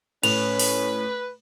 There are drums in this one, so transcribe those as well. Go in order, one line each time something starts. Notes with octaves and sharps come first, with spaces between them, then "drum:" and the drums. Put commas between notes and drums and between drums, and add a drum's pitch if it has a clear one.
A2 C#4 B4 F7, drum: cymbal
drum: open hi-hat